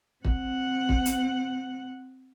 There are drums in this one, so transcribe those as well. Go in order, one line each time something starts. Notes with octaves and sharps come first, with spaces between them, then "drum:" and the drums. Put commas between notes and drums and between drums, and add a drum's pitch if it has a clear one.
C4 F#5, drum: kick
drum: kick
drum: hi-hat